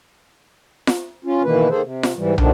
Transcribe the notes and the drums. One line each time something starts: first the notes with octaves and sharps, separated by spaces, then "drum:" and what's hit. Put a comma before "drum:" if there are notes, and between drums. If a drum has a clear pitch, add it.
drum: snare F4
C#4 F4
B2 D#3 E3 A#3 B4
D#3 A#3 G#4 A4 C5
C3
drum: snare F4
G#2 E3 G3
D#2 A#2 D3 D#3 F3 D4, drum: tom